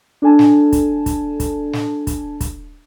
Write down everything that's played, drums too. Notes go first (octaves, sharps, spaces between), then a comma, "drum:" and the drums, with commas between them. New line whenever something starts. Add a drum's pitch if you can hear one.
D4 A4 G#5 A5
drum: snare
drum: kick, hi-hat
drum: kick, hi-hat
drum: kick, hi-hat
drum: snare
drum: kick, hi-hat
drum: kick, hi-hat